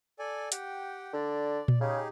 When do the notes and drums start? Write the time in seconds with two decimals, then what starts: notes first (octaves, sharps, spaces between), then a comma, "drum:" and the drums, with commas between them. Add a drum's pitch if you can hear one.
0.19 A4 D5 G#5
0.52 G4 F#5 G5, drum: hi-hat
1.13 D3 D5
1.68 drum: tom A#2
1.81 C#3 D#4 G4 G#4